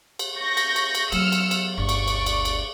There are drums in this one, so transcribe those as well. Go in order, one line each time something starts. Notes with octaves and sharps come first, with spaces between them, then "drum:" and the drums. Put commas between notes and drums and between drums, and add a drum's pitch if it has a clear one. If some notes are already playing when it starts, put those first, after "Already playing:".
drum: cymbal
C#6 G6 A#6
drum: cymbal
drum: cymbal
drum: cymbal
F#3 B3 E6 F6 C#7, drum: cymbal
drum: cymbal
drum: cymbal
G1 D2 D5 C#6
drum: cymbal
drum: cymbal
drum: cymbal
drum: cymbal